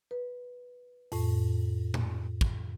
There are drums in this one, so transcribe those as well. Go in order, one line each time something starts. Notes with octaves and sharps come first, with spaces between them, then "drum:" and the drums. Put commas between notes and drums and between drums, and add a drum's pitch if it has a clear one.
B4
F2 A2, drum: open hi-hat
drum: tom A#2
drum: kick